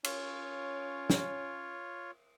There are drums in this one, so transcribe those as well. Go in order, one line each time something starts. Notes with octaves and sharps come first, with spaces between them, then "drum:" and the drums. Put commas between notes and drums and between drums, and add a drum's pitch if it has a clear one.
C#4 F4 C#5, drum: cymbal
drum: snare